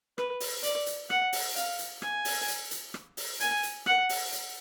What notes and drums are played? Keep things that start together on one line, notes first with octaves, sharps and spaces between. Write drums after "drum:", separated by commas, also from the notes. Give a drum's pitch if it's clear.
B4, drum: rim click
drum: open hi-hat
D5, drum: hi-hat
drum: hi-hat
F#5, drum: rim click
drum: open hi-hat
F5, drum: hi-hat
drum: hi-hat
G#5, drum: rim click
drum: open hi-hat
drum: hi-hat
drum: hi-hat
drum: rim click
drum: open hi-hat
G#5, drum: hi-hat
drum: hi-hat
F#5, drum: rim click
drum: open hi-hat
drum: hi-hat